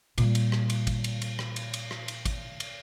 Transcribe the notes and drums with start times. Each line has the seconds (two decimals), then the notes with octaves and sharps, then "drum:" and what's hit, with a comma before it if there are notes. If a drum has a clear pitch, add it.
0.18 A#2 G3, drum: cymbal
0.35 drum: cymbal
0.52 drum: rim click
0.70 drum: cymbal
0.87 drum: kick G#1, cymbal
1.04 drum: cymbal
1.22 drum: cymbal
1.39 drum: rim click
1.56 drum: cymbal
1.74 drum: cymbal
1.91 drum: rim click
2.08 drum: cymbal
2.25 drum: kick G#1, cymbal
2.60 drum: cymbal